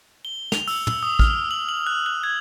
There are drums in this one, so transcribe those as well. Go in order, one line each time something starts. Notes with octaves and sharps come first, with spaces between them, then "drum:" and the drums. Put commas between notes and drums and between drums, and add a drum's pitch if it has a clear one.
G7
F7, drum: snare
E6, drum: open hi-hat
E6, drum: tom
D#6
F6, drum: kick A1
F#7
F#7
F#6
F#6
G#6